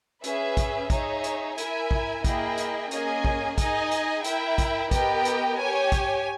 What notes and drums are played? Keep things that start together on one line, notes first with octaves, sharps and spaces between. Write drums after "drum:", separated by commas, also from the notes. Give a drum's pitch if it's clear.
C#4 G#4 B4 E5, drum: hi-hat
drum: kick, hi-hat
D#4 G#4 C#5 E5, drum: kick, hi-hat
drum: hi-hat
E4 A#4 E5 G#5, drum: hi-hat
drum: kick
A#3 E4 G#4 D#5 G5, drum: kick, hi-hat
drum: hi-hat
A#3 C#4 G#4 D#5 G#5, drum: hi-hat
drum: kick
D#4 G#4 D#5 G#5, drum: kick, hi-hat
drum: hi-hat
E4 A#4 E5 G5, drum: hi-hat
drum: kick, hi-hat
B3 G4 A#4 D#5 G5, drum: kick, hi-hat
drum: hi-hat
G4 C#5 G#5
drum: kick, hi-hat